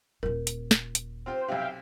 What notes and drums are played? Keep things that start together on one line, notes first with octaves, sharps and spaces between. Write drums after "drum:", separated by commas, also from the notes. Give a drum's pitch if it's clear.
D#1 F4 A#4
drum: hi-hat
drum: snare
drum: hi-hat
C4 F4 G4 C5
B1 C3 E5 F5 G5